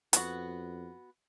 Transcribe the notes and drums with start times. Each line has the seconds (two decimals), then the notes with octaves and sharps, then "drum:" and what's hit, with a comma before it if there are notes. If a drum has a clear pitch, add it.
0.13 F2 B3 F#4, drum: hi-hat